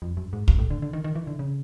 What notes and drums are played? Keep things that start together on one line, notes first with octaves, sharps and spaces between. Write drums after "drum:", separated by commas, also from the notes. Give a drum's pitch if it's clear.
F2
F#2
G#2
G2, drum: kick
A2
D3
D3
D#3
D#3
E3
D3
C#3